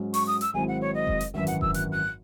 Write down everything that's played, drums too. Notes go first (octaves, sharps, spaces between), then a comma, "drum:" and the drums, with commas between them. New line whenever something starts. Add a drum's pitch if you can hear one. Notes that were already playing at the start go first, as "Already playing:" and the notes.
Already playing: G#2 F#3 C#4
C#6, drum: open hi-hat
D#6
E6, drum: hi-hat
G#1 G#2 F#3 C4 E4 G#5
F#5
C#5
D#5
drum: kick F1
drum: hi-hat
G#1 F#2 E3 E5
F#5, drum: hi-hat
E6, drum: kick F1
F#6, drum: hi-hat
F#6